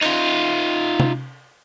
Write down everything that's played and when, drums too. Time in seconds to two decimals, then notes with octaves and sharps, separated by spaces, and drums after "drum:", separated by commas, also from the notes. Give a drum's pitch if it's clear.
0.02 D#4 F4, drum: cymbal
1.00 drum: tom C3